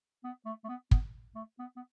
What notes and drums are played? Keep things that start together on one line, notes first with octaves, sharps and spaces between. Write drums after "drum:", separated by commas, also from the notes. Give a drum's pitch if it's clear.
B3
A3
A3
B3
B3, drum: kick
A3
B3
B3